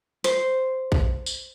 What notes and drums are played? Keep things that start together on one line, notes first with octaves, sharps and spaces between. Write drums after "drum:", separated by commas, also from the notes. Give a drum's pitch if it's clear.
C5, drum: hi-hat
drum: kick
drum: tambourine